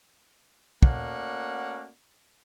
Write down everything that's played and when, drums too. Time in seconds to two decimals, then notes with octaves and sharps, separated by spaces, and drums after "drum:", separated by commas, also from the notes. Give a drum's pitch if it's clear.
0.83 A3 A#3 C#4 F#4 D5 F#5, drum: kick